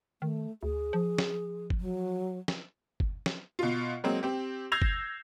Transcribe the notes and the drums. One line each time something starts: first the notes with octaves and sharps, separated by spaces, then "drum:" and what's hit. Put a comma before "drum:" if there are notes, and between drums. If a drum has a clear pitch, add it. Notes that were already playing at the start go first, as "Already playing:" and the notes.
D#3 A3
D2 G#4
F3
drum: snare
drum: kick F#1
F#3
drum: snare
drum: kick F#1
drum: snare
B2 F4
F#3 G#3 A#3 C4
C4 G4
E6 G6 G#6 A#6 C7 F7
drum: kick F#1